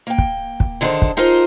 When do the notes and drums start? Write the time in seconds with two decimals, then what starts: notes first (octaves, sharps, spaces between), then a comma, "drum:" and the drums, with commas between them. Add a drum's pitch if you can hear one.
0.07 A#3 G5
0.18 drum: kick
0.60 drum: kick
0.81 D3 D#3 G#4 A4 C5
1.02 drum: kick
1.17 D#4 F4 G#4 A#4 C5